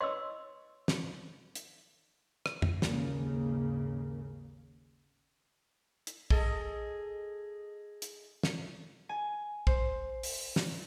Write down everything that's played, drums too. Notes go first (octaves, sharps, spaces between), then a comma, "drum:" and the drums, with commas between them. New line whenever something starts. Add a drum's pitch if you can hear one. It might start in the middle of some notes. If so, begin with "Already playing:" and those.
B4 C#5 D#5 C6 E6
drum: snare
drum: hi-hat
drum: rim click
drum: tom
G#1 D#2 C#3 A#3, drum: snare
drum: hi-hat
G#4 A4 D#5, drum: kick
drum: hi-hat
drum: snare
G#5
C5, drum: kick
drum: open hi-hat
drum: snare